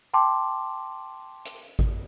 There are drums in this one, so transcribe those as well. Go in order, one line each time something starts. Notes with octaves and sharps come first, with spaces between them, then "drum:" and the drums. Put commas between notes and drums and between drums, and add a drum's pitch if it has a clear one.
G5 A5 C6 D6
drum: hi-hat
drum: kick G#1